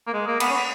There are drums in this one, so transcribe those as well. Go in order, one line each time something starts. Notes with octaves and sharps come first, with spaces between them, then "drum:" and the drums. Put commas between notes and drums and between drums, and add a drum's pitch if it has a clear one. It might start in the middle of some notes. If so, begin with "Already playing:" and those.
A#3
G#3
A#3
B3, drum: cymbal
C#4
B3